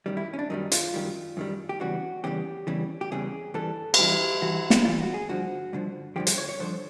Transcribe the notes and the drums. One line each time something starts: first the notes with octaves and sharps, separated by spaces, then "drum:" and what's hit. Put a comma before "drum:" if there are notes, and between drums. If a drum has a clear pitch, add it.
F#2 D#3 G3
E4
C#4
D4
F#2 D#3 G3 D#4
F4, drum: hi-hat
F#2 D#3 G3
F#2 D#3 G3
G4
E2 C#3 E3 G3 F#4
E2 C#3 E3 G3 G4
E2 C#3 E3 G3
G4
E2 C#3 E3 G3 G#4
G2 E3 G3 A4
F#4, drum: cymbal
G2 E3 G3 G4
G2 E3 G3 F#4
drum: snare
G2 E3 G3 F4
F#4
G#4
G2 D3 F3 F#4
G2 D3 F3
G2 D3 F3 G4
C5, drum: hi-hat
C#5
C#5
G2 D3 F3 C5